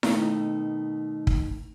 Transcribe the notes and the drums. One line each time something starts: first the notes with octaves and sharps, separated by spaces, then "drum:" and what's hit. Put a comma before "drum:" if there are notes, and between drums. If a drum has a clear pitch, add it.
B2 D#3 A3 C4 D#4, drum: snare E4
drum: kick